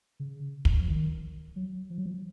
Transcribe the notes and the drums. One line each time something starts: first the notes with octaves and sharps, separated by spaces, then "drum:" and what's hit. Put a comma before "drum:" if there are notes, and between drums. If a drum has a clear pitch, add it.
C#3
drum: kick
F3
D#3
F#3
F3
F#3
F3